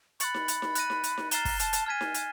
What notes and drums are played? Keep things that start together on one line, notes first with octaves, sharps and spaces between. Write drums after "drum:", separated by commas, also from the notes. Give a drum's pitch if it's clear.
B5 C#6 F#6 A6 C#7 F#7, drum: hi-hat
drum: snare D#4
drum: hi-hat
drum: snare D#4
F#6 A#6 D#7, drum: hi-hat
drum: snare D#4
drum: hi-hat
drum: snare D#4
A#5 F6 A6 C7 E7 G7, drum: hi-hat
drum: kick, open hi-hat
A5, drum: hi-hat
drum: hi-hat
G#5 A5 F6 G#6 B6 D#7
drum: snare D#4
drum: hi-hat